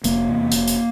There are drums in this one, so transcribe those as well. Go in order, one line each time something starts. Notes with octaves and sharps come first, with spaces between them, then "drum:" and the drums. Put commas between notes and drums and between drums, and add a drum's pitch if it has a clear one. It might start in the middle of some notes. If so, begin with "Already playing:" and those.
F1 A#3, drum: hi-hat
E2 C3
F1, drum: hi-hat
drum: hi-hat